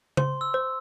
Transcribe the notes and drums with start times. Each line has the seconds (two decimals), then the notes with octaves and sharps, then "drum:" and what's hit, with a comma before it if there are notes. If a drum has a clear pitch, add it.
0.17 C5 C6, drum: tom
0.41 E6
0.54 C5